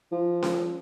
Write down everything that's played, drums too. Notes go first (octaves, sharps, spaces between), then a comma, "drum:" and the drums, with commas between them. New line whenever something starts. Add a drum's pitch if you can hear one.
F3
drum: snare C#4